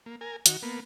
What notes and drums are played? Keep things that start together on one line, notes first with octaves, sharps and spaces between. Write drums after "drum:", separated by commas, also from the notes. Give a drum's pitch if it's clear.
A#3
A#4 G#5
D#3 F#4, drum: hi-hat
A#3 B3